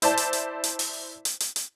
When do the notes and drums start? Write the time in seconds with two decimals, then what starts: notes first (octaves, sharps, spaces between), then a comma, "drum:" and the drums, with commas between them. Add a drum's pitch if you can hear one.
0.02 E4 C5 D5 A5, drum: hi-hat
0.17 drum: hi-hat
0.33 drum: hi-hat
0.64 drum: hi-hat
0.79 drum: open hi-hat
1.25 drum: hi-hat
1.40 drum: hi-hat
1.56 drum: hi-hat